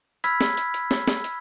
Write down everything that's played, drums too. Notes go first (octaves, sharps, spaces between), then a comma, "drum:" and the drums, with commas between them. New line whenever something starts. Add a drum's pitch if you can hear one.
B5 E6 F6 G#6 B6, drum: hi-hat
drum: snare
drum: hi-hat
drum: hi-hat
drum: snare
drum: snare
drum: hi-hat